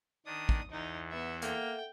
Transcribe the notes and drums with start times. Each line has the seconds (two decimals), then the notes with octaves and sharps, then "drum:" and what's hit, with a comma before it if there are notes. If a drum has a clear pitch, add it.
0.26 D#3 D4 D#6
0.49 drum: kick
0.71 E2 D#4
1.11 B3 E5
1.42 A#3 A4 E5 F#5 G5, drum: hi-hat